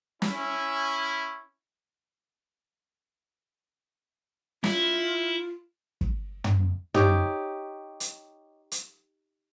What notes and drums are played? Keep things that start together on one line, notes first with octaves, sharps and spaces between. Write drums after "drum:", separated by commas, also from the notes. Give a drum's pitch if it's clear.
C#4 E4, drum: snare
E4 F4, drum: snare
drum: kick
drum: tom
D#4 G4 C#5, drum: tom
drum: hi-hat
drum: hi-hat